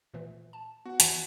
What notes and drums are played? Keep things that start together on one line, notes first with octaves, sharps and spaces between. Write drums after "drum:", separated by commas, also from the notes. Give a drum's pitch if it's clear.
A#2 E3 A3
A5
B3 F#4 F#5
E2 E3 B6, drum: hi-hat